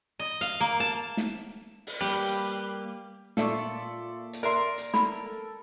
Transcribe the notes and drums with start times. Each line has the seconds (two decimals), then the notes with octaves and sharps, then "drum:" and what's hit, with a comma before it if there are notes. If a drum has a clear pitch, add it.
0.19 D#5
0.41 F5, drum: hi-hat
0.60 A#3
0.80 A5
1.17 drum: snare
1.87 drum: open hi-hat
2.01 G3 A#3 G4 B4
3.37 A#2 F4 A4 D5 E5 C#6, drum: snare
4.33 drum: hi-hat
4.43 A#4 D5 E5 C6
4.78 drum: hi-hat
4.94 A4 B5, drum: snare